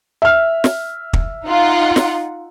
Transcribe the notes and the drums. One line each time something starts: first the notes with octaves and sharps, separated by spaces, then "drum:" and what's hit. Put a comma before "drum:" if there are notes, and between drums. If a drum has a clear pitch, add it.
E5 F6
drum: snare
drum: kick
D#4 F4 F#5
drum: snare